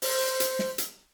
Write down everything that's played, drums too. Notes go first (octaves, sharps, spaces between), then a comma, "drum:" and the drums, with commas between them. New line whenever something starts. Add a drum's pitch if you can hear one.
C5, drum: open hi-hat
drum: hi-hat
drum: snare
drum: hi-hat